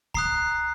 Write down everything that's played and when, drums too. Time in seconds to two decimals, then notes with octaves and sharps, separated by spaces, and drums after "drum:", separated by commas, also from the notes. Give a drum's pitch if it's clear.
0.14 A#5 D#6 F#6 C7, drum: kick C#2